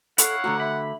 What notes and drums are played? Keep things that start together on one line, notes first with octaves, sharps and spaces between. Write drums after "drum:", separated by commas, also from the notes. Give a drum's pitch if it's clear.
E4 A4 C#5 F5 F#5, drum: hi-hat
D3 A3 F#4 A#5
E5 B5